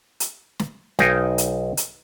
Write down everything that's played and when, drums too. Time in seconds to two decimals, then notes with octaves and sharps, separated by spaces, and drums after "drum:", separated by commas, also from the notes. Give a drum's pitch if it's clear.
0.20 drum: hi-hat
0.59 drum: snare
0.99 B1 D#4 F5 G5 G#5, drum: snare
1.38 drum: hi-hat
1.77 drum: hi-hat